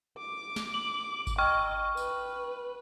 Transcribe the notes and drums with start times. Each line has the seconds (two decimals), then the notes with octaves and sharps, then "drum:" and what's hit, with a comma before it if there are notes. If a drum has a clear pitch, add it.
0.18 D6
0.56 drum: snare
0.74 F#7
1.27 drum: kick G1, tambourine
1.38 D#5 G5 C#6 F6
1.97 B4, drum: tambourine